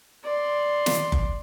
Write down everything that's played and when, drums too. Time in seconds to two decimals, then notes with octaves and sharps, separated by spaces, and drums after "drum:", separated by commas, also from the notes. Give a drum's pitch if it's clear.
0.24 D5 C6
0.86 drum: snare
1.12 drum: kick F#1